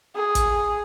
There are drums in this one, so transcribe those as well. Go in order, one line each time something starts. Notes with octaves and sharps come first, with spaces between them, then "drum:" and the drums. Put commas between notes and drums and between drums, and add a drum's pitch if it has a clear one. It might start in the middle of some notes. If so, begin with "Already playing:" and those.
G#4
drum: kick, hi-hat